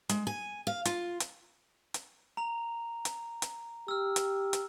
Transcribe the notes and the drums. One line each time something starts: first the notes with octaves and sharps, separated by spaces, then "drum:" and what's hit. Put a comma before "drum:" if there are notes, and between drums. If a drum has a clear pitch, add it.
G#3, drum: hi-hat
G#5
F5
F4, drum: hi-hat
drum: hi-hat
drum: hi-hat
A#5 F7
drum: hi-hat
drum: hi-hat
G4 E6 F6
drum: hi-hat
drum: hi-hat